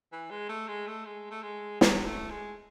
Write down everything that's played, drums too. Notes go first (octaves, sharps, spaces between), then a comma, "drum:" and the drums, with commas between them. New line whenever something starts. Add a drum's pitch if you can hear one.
E3
G#3
A3
G#3
A3
G#3
A3
G#3
F#3, drum: snare
A3
G#3